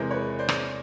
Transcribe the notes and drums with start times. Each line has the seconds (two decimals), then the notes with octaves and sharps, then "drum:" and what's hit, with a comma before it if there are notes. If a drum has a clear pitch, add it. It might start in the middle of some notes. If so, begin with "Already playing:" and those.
Already playing: E2 C3 E3 G#3 A#4 C5
0.11 B4 C#5
0.39 C5 D5
0.49 drum: rim click